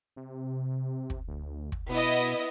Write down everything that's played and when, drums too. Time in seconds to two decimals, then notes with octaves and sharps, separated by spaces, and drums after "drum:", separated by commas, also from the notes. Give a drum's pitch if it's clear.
0.16 C3
1.10 drum: kick
1.28 D2
1.72 drum: kick
1.89 B2 B3 E4 D#5